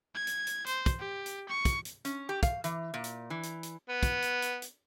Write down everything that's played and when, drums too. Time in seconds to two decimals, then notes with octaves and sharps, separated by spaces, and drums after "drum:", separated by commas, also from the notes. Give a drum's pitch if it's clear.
0.14 G#6
0.27 drum: hi-hat
0.47 drum: hi-hat
0.66 C5, drum: hi-hat
0.86 drum: kick, hi-hat
0.99 G4
1.26 drum: hi-hat
1.49 C#6
1.65 drum: kick, hi-hat
1.85 drum: hi-hat
2.05 C#4, drum: hi-hat
2.29 G4
2.43 F5, drum: kick, hi-hat
2.64 E3, drum: hi-hat
2.94 A#2
3.04 drum: hi-hat
3.30 E3
3.43 drum: hi-hat
3.63 drum: hi-hat
3.89 B3
4.03 drum: kick, hi-hat
4.22 drum: hi-hat
4.42 drum: hi-hat
4.62 drum: hi-hat